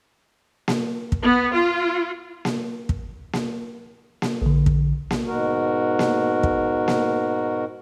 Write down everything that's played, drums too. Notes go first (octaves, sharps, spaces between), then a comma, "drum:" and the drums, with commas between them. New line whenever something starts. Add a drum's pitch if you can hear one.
drum: snare A#3
drum: kick
B3
F4
drum: snare A#3
drum: kick
drum: snare A#3
drum: snare A#3
A#1 D3
drum: kick
drum: snare A#3
G#2 B2 F#4 A#4
drum: snare A#3
drum: kick
drum: snare A#3